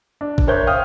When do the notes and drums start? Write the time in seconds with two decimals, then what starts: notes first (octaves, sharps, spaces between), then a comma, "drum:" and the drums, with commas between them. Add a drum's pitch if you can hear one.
0.21 D4
0.38 drum: kick G#1
0.47 A#4 C5 C#5 E5 F#6 G6
0.67 F5 G5 D#6 F6